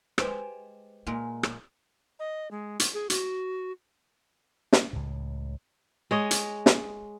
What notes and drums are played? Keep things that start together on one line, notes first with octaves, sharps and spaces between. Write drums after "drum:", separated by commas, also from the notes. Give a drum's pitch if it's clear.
G#3 G4 B4 C5 G5, drum: rim click
A#2 G#3 A#3 A#4
drum: rim click
D#5
G#3
drum: hi-hat
G#4
F#4, drum: hi-hat
drum: snare
C#2 A2
G#3 C#5 D#5
drum: hi-hat
drum: snare